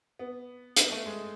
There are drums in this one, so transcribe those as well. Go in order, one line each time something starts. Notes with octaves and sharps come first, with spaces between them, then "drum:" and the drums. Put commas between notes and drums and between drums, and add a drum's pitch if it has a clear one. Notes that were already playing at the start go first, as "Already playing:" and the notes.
B3
B3, drum: hi-hat
A3
G#3